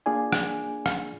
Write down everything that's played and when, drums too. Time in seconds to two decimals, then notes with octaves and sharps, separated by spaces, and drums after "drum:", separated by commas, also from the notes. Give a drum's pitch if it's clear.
0.06 A#3 D4 F4 G#4 D5 G#5
0.32 drum: rim click
0.86 drum: rim click